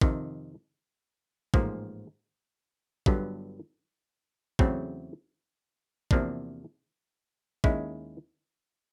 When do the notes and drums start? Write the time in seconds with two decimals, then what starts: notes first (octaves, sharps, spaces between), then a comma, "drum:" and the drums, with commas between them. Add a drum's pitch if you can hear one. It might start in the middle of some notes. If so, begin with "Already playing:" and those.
0.01 F2 C3 D#3, drum: kick
1.54 A1 G#2 F3 A#3, drum: kick
3.06 G1 G2 D3 F#3 B3, drum: kick
4.59 E2 C#3 F#3 A3 C4, drum: kick
6.11 E2 C3 F3 A#3 D4, drum: kick
7.64 D#2 D#3 G#3 C#4 E4, drum: kick